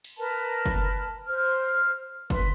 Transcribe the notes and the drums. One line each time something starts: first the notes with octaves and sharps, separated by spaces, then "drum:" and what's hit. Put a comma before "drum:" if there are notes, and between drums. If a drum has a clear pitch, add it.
drum: cymbal
A#4 B4 A5 B5
drum: kick F#1
C5 F6
B4 C6, drum: kick F#1